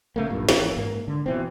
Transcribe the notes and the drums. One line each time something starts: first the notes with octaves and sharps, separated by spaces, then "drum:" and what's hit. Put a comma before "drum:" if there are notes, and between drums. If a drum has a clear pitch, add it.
C#3 A3 A#3
B1 G2 A#2
G#1 E3 A#3 C#4, drum: snare
G#2 A#3
D3
B2 E3 C4